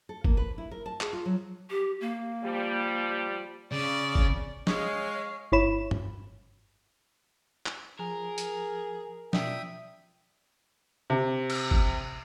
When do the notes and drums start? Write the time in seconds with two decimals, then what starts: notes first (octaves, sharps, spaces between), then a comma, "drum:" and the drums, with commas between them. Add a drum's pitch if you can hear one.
0.09 A4
0.24 A#3, drum: kick
0.37 B4
0.58 E4
0.71 A#4
0.86 A5
1.01 G#4, drum: clap
1.13 F4
1.25 F#3
1.70 G4
2.01 A#3
2.43 F3 G3
3.72 C#3 D5
4.15 drum: kick
4.67 G#3 C#5 F5 C#6, drum: snare
5.52 G1 E4 C#5 B5 E7
5.91 drum: tom
7.66 drum: clap
7.99 F3 G#4 A#4
8.38 drum: hi-hat
9.33 B2 F3 D5 E5 G5 D#6, drum: snare
11.10 C3
11.50 drum: cymbal
11.71 drum: kick